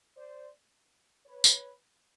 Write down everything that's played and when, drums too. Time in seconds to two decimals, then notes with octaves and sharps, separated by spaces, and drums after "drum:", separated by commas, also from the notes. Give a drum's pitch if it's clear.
0.16 C5 D5
1.26 B4 C#5
1.44 drum: tambourine